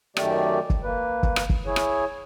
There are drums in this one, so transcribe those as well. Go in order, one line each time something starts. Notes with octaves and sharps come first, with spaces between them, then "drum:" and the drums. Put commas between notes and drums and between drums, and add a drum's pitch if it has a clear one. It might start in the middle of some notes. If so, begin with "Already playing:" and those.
F#2 D#3 A3 G4 D5, drum: rim click
drum: kick
A#3 B4
drum: kick
drum: rim click
drum: kick
E4 G#4 C#5
drum: rim click